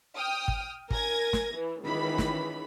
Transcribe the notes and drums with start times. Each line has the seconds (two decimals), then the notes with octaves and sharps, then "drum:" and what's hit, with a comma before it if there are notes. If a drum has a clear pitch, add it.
0.16 G5 D#6 F6
0.48 drum: kick
0.90 A#4 G#5 G#6 A#6, drum: kick
1.33 drum: snare
1.54 E3
1.84 C#2 D#3 E3 B5
2.18 drum: snare